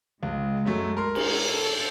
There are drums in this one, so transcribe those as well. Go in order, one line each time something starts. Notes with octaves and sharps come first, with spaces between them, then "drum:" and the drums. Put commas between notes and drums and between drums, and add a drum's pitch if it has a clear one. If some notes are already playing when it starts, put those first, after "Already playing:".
C#2 G#3
F#2 F#3 A3
A#4 C6
drum: cymbal
A4